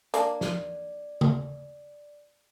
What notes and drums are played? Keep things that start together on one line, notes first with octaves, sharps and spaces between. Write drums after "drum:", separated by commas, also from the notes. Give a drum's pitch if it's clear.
A#3 D4 D5, drum: hi-hat
drum: snare
drum: tom C#3